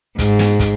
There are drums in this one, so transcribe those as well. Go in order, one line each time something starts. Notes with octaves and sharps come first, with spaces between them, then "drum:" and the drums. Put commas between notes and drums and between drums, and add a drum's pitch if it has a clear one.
G#2, drum: kick, hi-hat
drum: snare
drum: kick, hi-hat